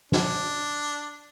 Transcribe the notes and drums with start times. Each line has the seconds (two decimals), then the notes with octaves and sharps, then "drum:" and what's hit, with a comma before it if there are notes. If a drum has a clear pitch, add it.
0.12 D4, drum: snare